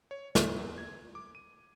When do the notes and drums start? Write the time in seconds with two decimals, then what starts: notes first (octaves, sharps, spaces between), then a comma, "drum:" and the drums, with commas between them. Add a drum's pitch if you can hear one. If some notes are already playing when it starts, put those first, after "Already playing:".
0.11 C#5
0.35 E3, drum: snare
0.58 E2
0.78 G#6
1.15 D6
1.35 D#7